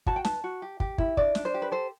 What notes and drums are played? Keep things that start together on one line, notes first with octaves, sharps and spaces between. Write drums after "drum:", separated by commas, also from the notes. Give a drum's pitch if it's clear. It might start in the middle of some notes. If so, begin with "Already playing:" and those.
F#4 A5, drum: kick
G5
B4 A5, drum: snare
F#4
G4
G4, drum: kick
E4, drum: kick
D4 D5, drum: kick
D4, drum: snare
C5
G4
B4
A4 C5